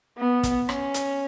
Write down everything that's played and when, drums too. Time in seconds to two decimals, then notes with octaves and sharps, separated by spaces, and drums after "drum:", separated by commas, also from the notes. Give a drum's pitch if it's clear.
0.18 B3
0.43 drum: kick, hi-hat
0.69 C#4, drum: rim click
0.94 drum: hi-hat